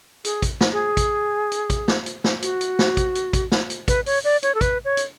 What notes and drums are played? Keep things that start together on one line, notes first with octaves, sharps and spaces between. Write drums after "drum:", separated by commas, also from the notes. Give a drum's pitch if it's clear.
G#4, drum: hi-hat
drum: kick, hi-hat
drum: snare
G#4
drum: kick, hi-hat
drum: hi-hat
drum: kick, hi-hat
drum: snare
drum: hi-hat
drum: snare
F#4, drum: hi-hat
drum: hi-hat
drum: snare
drum: kick, hi-hat
drum: hi-hat
drum: kick, hi-hat
drum: snare
drum: hi-hat
B4, drum: kick, hi-hat
C#5, drum: open hi-hat
D5
C#5, drum: hi-hat
A4
B4, drum: kick, hi-hat
C#5
drum: hi-hat